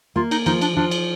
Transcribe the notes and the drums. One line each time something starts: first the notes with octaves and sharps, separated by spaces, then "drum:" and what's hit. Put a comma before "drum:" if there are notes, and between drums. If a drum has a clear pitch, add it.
A#3 F4
D#4, drum: cymbal
F3 D#4, drum: cymbal
D4, drum: cymbal
F3 D4
drum: cymbal